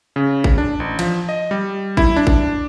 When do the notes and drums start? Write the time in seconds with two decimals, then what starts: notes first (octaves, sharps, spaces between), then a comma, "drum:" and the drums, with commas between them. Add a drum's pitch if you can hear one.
0.16 C#3
0.44 drum: kick G#1
0.58 D4
0.80 A1
0.99 F3, drum: cymbal
1.29 D#5
1.51 G3
1.97 E4, drum: kick G#1
2.16 D4
2.27 drum: kick G#1